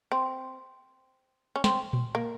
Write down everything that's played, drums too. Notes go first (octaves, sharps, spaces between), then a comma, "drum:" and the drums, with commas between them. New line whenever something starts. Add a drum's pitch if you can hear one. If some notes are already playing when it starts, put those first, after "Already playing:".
C4
C#4
C4, drum: snare
drum: tom A#2
A#3